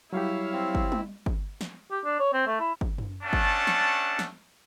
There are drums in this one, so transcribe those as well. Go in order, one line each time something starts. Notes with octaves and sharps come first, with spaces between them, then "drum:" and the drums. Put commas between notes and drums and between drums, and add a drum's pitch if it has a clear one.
F#3 G3 E4 G4 C#5 F5
C4
drum: kick G1
drum: tom G3
drum: kick G1
drum: snare
G4
D4
C#5
C4
A3
E4
drum: kick G1
drum: tom F#2
A3 C#4 D4 F#5 A5
drum: kick G1
drum: snare
drum: snare